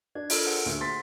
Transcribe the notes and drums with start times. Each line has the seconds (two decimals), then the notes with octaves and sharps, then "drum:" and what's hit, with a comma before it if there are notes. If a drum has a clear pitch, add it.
0.15 D4 G#6
0.30 F4 A4 A#4, drum: open hi-hat
0.47 G#4 C5 F#5
0.66 D2
0.81 C6 A6 B6